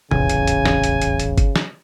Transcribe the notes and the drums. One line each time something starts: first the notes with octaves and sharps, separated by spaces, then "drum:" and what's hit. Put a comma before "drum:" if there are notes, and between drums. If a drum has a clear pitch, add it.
D#1 A1 E2 C#3 G#5, drum: tom
drum: hi-hat
drum: hi-hat
drum: snare
drum: hi-hat
drum: hi-hat
drum: hi-hat
drum: kick G1, hi-hat
drum: snare